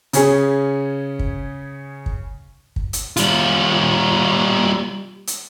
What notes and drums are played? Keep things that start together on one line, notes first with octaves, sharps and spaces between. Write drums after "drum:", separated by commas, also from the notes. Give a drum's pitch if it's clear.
C#3 C#4 G#4, drum: hi-hat
drum: kick
drum: kick
drum: kick
drum: hi-hat
G3 F4, drum: hi-hat
drum: hi-hat